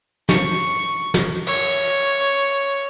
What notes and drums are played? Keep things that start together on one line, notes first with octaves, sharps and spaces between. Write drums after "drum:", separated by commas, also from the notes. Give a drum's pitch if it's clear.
C#6, drum: snare
drum: snare
C#5, drum: cymbal